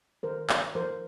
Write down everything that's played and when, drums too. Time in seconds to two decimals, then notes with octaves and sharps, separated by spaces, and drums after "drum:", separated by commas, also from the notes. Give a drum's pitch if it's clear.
0.23 D#3 A#4 C5
0.50 A#3, drum: clap
0.75 F3 A#4 C5